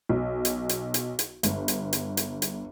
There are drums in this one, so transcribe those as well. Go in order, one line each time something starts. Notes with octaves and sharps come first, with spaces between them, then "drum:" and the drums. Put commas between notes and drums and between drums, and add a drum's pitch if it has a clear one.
B1
drum: hi-hat
drum: hi-hat
drum: hi-hat
drum: hi-hat
G1, drum: hi-hat
drum: hi-hat
drum: hi-hat
drum: hi-hat
drum: hi-hat